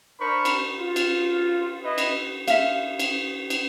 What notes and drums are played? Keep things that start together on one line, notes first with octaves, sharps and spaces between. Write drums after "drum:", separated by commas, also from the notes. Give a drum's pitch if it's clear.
D4 A#4 C5 B5 C#6
drum: cymbal
F4
drum: cymbal
E4 B4 D#5
drum: cymbal
E5 F5, drum: cymbal
drum: cymbal
drum: cymbal